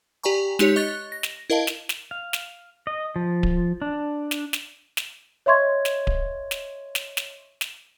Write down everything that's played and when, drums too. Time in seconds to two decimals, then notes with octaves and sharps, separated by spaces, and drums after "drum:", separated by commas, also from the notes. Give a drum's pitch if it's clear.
0.24 G4 D5 G5 G#5 A#5 C#6
0.59 G#3 D#4 G4 C#5 C#7, drum: snare
0.76 D#5 C#6 F#6 A6
1.12 A#6
1.23 drum: snare
1.50 E4 A#4 D#5 F5 A5
1.67 drum: snare
1.89 drum: snare
2.11 F5
2.33 drum: snare
2.87 D#5
3.16 F3
3.43 drum: kick D1
3.82 D4
4.31 drum: snare
4.53 drum: snare
4.97 drum: snare
5.46 C#5 D#5 E5 C6 C#6 G#6
5.85 drum: snare
6.07 drum: kick D1
6.51 drum: snare
6.95 drum: snare
7.17 drum: snare
7.61 drum: snare